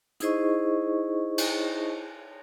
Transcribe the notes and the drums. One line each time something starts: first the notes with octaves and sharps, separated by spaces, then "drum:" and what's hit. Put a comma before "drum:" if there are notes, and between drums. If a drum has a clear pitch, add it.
D#4 E4 G#4 C5 D#5 C#6, drum: hi-hat
drum: cymbal